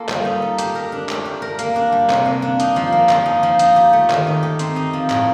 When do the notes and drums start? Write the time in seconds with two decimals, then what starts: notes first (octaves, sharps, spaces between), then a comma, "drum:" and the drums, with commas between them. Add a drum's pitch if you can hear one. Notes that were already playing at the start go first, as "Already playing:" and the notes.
Already playing: A#3 F4 A4
0.09 G3, drum: clap
0.25 D#4
0.42 A4
0.58 G4, drum: hi-hat
0.75 A#4
0.92 D4
1.09 A3, drum: clap
1.25 G4
1.42 A#4
1.59 A#3, drum: hi-hat
1.76 D4
1.92 G3
2.10 C3, drum: clap
2.25 A#3
2.42 D4
2.60 D#4, drum: hi-hat
2.76 F3
2.92 A#3
3.09 F3, drum: clap
3.26 D#4
3.43 F3
3.59 D#4, drum: hi-hat
3.76 G4
3.93 A3
4.10 D#3, drum: clap
4.27 D#4
4.43 G4
4.59 C4, drum: hi-hat
4.76 D#4
4.93 F3
5.10 A2, drum: clap